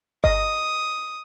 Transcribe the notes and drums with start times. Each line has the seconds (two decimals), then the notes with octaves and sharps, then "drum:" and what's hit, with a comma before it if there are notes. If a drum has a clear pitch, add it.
0.24 D#5 D#6, drum: kick G1